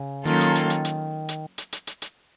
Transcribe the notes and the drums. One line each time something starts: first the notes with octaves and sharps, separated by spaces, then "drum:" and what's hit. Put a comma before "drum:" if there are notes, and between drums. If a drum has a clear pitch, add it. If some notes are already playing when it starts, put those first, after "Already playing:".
Already playing: C#3
D#3 F#3 A#3 C#4 F4 A4
drum: hi-hat
drum: hi-hat
drum: hi-hat
drum: hi-hat
drum: hi-hat
drum: hi-hat
drum: hi-hat
drum: hi-hat
drum: hi-hat